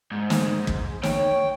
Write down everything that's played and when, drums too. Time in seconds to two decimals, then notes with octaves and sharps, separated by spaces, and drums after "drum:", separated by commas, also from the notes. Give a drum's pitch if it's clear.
0.12 G#2
0.30 drum: snare
0.67 drum: kick
1.03 C#5 G5, drum: snare